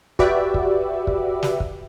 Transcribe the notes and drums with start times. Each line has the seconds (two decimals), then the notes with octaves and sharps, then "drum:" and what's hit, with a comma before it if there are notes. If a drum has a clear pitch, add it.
0.19 F#4 G4 B4 D5 E5, drum: kick
0.54 drum: kick
1.07 drum: kick
1.43 drum: snare
1.60 drum: kick